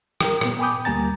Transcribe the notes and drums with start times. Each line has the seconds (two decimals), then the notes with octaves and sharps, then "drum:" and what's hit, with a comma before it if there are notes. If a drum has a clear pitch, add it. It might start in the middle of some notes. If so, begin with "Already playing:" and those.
0.21 A#4 G5, drum: rim click
0.41 A#2 B3, drum: rim click
0.59 G5 G#5 B5 D6 D#6 G6
0.85 D2 G3 A#3 G#5 A#5 A6